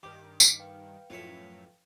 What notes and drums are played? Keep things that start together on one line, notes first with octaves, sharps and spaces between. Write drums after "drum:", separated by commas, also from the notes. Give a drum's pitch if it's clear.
G2 D#3 G4 D6
drum: tambourine
B4 F5 G5
F#2 A2 F3 F4 C#5 E5